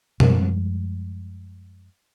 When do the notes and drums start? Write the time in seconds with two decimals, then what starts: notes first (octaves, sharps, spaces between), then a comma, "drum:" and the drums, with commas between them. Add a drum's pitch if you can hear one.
0.20 F#2 F3 G3 G#3, drum: tom B2